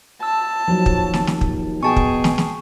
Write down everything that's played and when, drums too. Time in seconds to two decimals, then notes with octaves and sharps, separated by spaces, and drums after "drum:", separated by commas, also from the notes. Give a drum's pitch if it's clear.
0.23 A5 E6
0.68 D#2 F3 F#3
0.86 drum: kick
1.14 drum: snare
1.27 drum: snare
1.41 drum: kick
1.83 B2 G#4 G5 A5 C#6
1.96 drum: kick
2.24 drum: snare
2.38 drum: snare